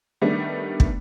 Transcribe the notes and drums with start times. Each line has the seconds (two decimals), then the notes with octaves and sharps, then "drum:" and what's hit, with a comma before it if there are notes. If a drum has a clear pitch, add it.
0.21 D#3 G3 A3 B3 D4
0.80 drum: kick